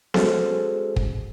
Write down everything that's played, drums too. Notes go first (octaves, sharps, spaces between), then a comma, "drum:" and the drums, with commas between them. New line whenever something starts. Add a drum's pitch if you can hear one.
G#3 C#4 F#4 G#4 A4 C5, drum: snare B3
drum: kick